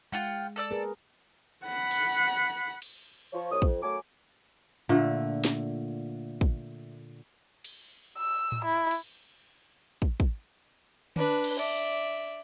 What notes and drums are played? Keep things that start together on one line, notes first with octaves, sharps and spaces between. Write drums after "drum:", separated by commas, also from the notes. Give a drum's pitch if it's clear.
G#3 F4 F#5 G5
A4 D5 E6
G#4 A#4 B4
F#5 B5
drum: cymbal
drum: cymbal
F3 C#5
C2 C#5 D#6
F2, drum: kick
F#2 F#3 A3 G#5 D6
A#2 D3 A3
drum: snare
drum: kick
drum: cymbal
E6
drum: tom A2
E4
drum: cymbal
drum: kick
drum: kick
D4 B4, drum: tom D3
drum: cymbal
D5 E5, drum: hi-hat